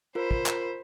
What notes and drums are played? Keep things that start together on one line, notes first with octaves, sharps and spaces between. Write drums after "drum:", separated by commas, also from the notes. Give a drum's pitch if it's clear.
F4 A#4 C5 B5
drum: kick
drum: clap